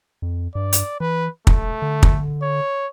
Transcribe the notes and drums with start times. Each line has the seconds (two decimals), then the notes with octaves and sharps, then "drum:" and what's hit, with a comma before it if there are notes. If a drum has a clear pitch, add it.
0.22 F2
0.55 G2 D5
0.73 drum: hi-hat
1.00 E3 B4
1.47 E1 A3, drum: kick
1.82 D3
2.03 drum: kick
2.43 C#5